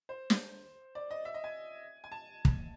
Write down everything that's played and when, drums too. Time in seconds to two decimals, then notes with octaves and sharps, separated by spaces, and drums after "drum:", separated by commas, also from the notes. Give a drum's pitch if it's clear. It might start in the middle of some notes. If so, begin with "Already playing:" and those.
0.09 C5
0.30 drum: snare
0.95 D5
1.11 D#5
1.25 E5
1.34 D#5
1.44 G#5
2.04 G#5
2.12 A5
2.45 drum: kick